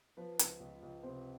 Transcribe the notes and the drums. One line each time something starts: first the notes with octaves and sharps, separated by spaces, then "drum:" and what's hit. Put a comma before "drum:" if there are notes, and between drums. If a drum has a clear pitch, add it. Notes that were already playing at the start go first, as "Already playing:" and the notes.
F3 B4
C#2, drum: hi-hat
C#2
C#2
C3 C5